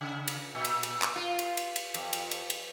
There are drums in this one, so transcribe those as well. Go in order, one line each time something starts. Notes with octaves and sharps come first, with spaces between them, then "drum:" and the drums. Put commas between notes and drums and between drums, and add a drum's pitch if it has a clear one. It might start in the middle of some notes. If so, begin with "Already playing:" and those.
C#3
drum: cymbal
A#2
drum: cymbal
drum: cymbal
drum: clap
F4
drum: cymbal
drum: cymbal
drum: cymbal
F2, drum: cymbal
drum: cymbal
drum: cymbal
drum: cymbal